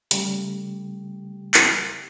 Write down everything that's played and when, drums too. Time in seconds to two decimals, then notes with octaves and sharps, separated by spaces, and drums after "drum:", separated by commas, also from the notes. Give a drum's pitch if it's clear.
0.11 C#3 G3 A3 G4, drum: hi-hat
1.54 drum: clap